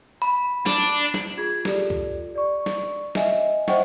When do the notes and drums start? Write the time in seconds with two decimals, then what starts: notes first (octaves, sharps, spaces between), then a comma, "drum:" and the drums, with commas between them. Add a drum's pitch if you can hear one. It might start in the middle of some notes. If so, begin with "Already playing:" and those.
0.22 B5
0.66 D4, drum: snare
1.14 drum: snare
1.37 F4 G#4 G#6
1.65 F4 G4 A4 D5, drum: snare
1.90 drum: kick C#2
2.35 D5 C#6
2.66 drum: snare
3.15 D#5 E5 G#5, drum: snare
3.68 C5 D#5 E5 F#5 G5 C#6, drum: snare